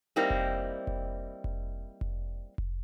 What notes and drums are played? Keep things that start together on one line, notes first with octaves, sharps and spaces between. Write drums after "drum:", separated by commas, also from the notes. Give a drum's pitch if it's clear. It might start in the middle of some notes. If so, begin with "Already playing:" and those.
G3 A#3 C4 D#4 E4
drum: kick F1
drum: kick F1
drum: kick F1
drum: kick F1
drum: kick F1